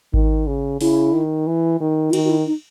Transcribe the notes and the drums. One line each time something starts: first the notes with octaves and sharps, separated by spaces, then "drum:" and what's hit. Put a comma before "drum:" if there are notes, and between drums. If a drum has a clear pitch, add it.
D#3, drum: kick G#1
C#3
C#3 E4, drum: open hi-hat
D#3
E3
D#3
E4
D#3 F#4, drum: cymbal
F#4
E4
D#4